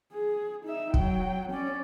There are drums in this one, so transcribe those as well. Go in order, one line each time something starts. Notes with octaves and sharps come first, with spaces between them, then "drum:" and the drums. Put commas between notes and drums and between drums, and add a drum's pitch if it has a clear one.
G#4
D#4 E5
F#3 G5, drum: kick
C#4 D5